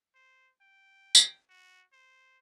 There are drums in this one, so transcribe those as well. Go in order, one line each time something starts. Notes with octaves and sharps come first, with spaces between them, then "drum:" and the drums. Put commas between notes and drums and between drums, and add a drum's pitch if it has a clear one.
C5
G5
drum: tambourine
F#4
C5